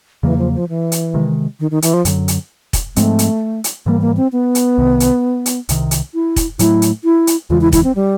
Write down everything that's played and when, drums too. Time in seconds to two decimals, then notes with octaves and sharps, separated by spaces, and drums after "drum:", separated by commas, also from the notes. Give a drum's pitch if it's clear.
0.23 E2 C#3 E3 F#3 A#3
0.38 F3
0.54 F3
0.69 E3
0.92 drum: hi-hat
1.14 C3 D#3 G#3
1.60 D#3
1.71 D#3
1.82 E3, drum: hi-hat
1.94 F3
2.05 F#2 D3 F#3, drum: hi-hat
2.28 drum: hi-hat
2.73 drum: kick, hi-hat
2.96 G#2 F3 G#3 A3 C4, drum: hi-hat
3.19 drum: hi-hat
3.64 drum: hi-hat
3.86 G#2 E3 G3 A#3
4.01 A#3
4.17 C4
4.32 B3
4.55 drum: hi-hat
4.78 C2 C3 D#3
5.00 drum: hi-hat
5.46 drum: hi-hat
5.69 C2 C3 D#3, drum: hi-hat
5.91 drum: hi-hat
6.14 E4
6.36 drum: kick, hi-hat
6.59 A2 F#3 A3 E4, drum: hi-hat
6.82 drum: hi-hat
7.04 E4
7.27 drum: hi-hat
7.50 E2 C#3 E3 G#3 F4
7.61 E4
7.72 E4, drum: kick, hi-hat
7.84 C4
7.95 G3